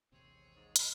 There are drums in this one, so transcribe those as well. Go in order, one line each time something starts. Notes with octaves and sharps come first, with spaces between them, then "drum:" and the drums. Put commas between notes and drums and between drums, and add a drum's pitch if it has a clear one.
A1 D#2 C3 C4 G#4 C#5
G#2
drum: hi-hat